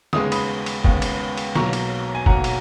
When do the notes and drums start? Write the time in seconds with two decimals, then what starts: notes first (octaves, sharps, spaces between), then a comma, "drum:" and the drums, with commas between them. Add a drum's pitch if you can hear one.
0.13 D#2 C#3 G#3 B3 D#6, drum: snare
0.32 B5 D#6, drum: cymbal
0.66 drum: cymbal
0.84 D#2 C#3 G#3 B3, drum: kick
1.02 drum: cymbal
1.37 drum: cymbal
1.55 B1 B2 F#3 A#3 A#5 C#6, drum: snare
1.73 drum: cymbal
2.15 G#5
2.26 B1 B2 F#3 A#3 F#5 A#5, drum: kick
2.44 drum: cymbal